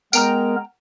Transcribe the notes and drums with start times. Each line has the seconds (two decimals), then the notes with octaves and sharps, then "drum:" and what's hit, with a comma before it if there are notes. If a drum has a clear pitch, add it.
0.13 G#3 B3 A#4 G5 A#5 F6, drum: tambourine